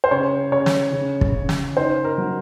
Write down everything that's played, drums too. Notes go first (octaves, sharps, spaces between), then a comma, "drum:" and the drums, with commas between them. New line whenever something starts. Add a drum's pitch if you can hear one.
C5
C#3 C#5
C#3 C#5
drum: snare
C#3
drum: kick
C#3
drum: snare
D#4 C5
A#4
F#3